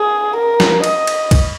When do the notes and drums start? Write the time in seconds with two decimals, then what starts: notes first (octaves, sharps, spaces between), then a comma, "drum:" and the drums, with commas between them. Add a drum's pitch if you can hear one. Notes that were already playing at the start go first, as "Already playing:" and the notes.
Already playing: G#4
0.36 A#4
0.60 drum: snare
0.84 D#5, drum: cymbal
1.07 drum: cymbal
1.31 drum: kick B1, cymbal